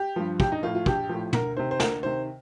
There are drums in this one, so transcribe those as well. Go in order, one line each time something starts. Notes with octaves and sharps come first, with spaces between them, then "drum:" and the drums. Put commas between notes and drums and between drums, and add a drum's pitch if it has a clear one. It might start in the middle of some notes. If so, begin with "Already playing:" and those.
Already playing: G4
G2 F3
A#1 G4, drum: kick
D#4
A2 F3 F4
F4
A#1 G4, drum: kick
A2 F3
D2 A#4, drum: tom
C3 D#3 C5
C5
D2 A#4, drum: snare
C3 D#3 C5